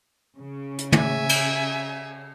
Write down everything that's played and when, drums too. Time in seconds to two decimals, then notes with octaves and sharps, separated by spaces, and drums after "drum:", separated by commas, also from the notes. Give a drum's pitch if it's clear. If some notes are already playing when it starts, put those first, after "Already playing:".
0.38 C#3
0.78 drum: hi-hat
0.92 E5 G#5, drum: tom
1.29 drum: cymbal